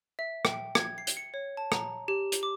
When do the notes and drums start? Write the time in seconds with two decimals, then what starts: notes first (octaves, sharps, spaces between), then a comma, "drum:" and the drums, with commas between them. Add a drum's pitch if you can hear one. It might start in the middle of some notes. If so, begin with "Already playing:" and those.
0.19 E5
0.45 G5, drum: rim click
0.75 G#6, drum: rim click
0.98 C7
1.07 drum: hi-hat
1.17 C#7
1.34 C#5
1.57 A5
1.72 A#5, drum: rim click
2.08 G4
2.32 drum: hi-hat
2.43 D6